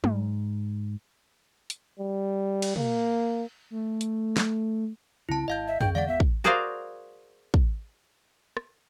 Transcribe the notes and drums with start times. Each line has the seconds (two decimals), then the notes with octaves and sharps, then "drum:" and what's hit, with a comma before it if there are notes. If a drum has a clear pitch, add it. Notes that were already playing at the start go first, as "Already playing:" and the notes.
0.04 G#2, drum: tom
1.70 drum: hi-hat
1.99 G3
2.62 drum: cymbal
2.76 A#3, drum: tom
3.70 A3
4.01 drum: hi-hat
4.37 drum: snare
5.29 C2 C#3 C4 E4 A5
5.48 G#1 D#5 F5 G6
5.67 E5
5.81 B1 E2 G#4 G5 G6, drum: tom
5.95 D3 E3 G#3 D5 F5 F#5
6.08 D#1 G#1 B3 E5
6.20 drum: kick
6.44 F#4 G#4 A#4 C5 D5 F5
7.54 drum: kick
8.57 drum: rim click